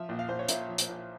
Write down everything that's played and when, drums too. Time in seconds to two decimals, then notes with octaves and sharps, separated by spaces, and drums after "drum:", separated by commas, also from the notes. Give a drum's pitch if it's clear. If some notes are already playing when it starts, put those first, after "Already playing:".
Already playing: F3 E5
0.09 A#1
0.19 F5
0.29 A#1 C5
0.39 C#5
0.48 A#2 E5, drum: hi-hat
0.69 F3
0.78 drum: hi-hat
0.89 A#1